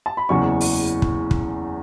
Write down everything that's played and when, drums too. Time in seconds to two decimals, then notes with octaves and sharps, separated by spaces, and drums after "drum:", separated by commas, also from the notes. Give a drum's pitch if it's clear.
0.06 A5
0.17 B5
0.29 F#1 E2 C#3 E3 C#6
0.61 drum: open hi-hat
1.02 drum: kick
1.31 drum: kick